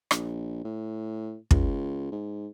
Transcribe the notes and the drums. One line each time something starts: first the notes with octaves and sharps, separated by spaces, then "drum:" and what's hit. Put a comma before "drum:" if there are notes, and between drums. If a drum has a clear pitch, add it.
A#1, drum: rim click
A2
C#2, drum: kick
G#2